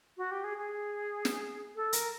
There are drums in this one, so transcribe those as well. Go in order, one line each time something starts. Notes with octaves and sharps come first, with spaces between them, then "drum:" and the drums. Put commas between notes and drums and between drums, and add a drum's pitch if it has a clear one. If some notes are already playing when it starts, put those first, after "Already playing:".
F#4
G4
G#4
G#4
drum: snare
A4
A#4, drum: hi-hat